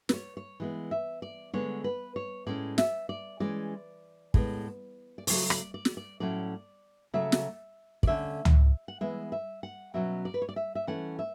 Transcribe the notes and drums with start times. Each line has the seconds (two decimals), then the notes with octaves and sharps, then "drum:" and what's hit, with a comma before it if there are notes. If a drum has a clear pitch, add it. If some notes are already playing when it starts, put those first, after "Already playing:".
0.09 B4, drum: snare
0.13 C#5
0.37 C#5
0.60 E3 G#3 B3
0.91 E5
1.22 D5
1.53 D3 G#3 B3 C#5
1.84 B4
2.16 C#5
2.46 A2 G#3 C#4 D5
2.78 E5, drum: snare
3.09 D5
3.40 E3 G#3 C#4 D5
4.34 A2 G#3 B3, drum: kick
5.18 D5
5.27 C#3 F#3 A3 C#5, drum: open hi-hat
5.50 D5, drum: rim click
5.74 D5
5.85 drum: snare
5.97 D5
6.20 A2 F#3 A3 C#4 D5
7.14 C#3 F#3 A3 E5
7.32 drum: snare
8.03 D5, drum: kick
8.07 D3 A3 C#4 E5
8.45 drum: tom C#2
8.88 F#5
9.01 E3 G#3 B3 E5
9.32 E5
9.63 F#5
9.94 B2 F#3 C#4 E5
10.25 D5
10.34 B4
10.42 C#5
10.49 D5
10.56 E5
10.75 E5
10.87 E3 A3 C#4 F#5
11.19 E5